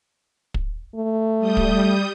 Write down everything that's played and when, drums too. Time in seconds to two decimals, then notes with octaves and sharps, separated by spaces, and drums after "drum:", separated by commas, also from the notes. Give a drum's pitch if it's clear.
0.54 drum: kick
0.95 A3
1.39 G3 D#6 G6
1.57 drum: kick